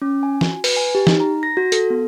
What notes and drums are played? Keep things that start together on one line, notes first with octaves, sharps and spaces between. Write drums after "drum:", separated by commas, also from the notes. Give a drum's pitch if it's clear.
C#4
G#5
F#4, drum: snare
B4, drum: open hi-hat
G#5
G4
D#4, drum: snare
A#5
A#6
F#4
A4, drum: hi-hat
B3